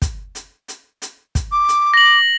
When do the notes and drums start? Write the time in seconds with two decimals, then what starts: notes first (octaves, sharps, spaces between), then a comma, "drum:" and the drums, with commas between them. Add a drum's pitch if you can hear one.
0.02 drum: kick, hi-hat
0.35 drum: hi-hat
0.68 drum: hi-hat
1.02 drum: hi-hat
1.35 drum: kick, hi-hat
1.52 D6
1.68 drum: hi-hat
1.94 A#6 F#7